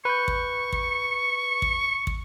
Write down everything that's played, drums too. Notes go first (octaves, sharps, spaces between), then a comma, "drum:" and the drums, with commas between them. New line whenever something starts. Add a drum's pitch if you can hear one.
B4 C#6 G6
drum: kick
drum: kick
drum: kick
drum: kick